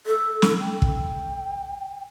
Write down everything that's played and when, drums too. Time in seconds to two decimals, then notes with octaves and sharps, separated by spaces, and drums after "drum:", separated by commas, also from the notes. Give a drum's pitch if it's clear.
0.07 A4
0.42 drum: snare
0.60 G5
0.82 drum: kick